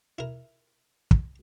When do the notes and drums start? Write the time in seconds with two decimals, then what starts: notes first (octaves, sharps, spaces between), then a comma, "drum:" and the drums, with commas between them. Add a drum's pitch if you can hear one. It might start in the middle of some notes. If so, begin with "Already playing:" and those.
0.19 E4 A#4
1.11 drum: kick